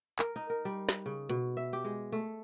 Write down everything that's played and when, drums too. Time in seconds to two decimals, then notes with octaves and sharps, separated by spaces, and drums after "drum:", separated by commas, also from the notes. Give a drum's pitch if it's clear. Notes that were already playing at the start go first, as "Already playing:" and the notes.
0.19 A#4, drum: clap
0.36 D#4
0.50 A#4
0.65 G3
0.89 drum: snare
1.06 C#3
1.29 B2, drum: hi-hat
1.57 E5
1.73 G4
1.85 G#3
2.12 A3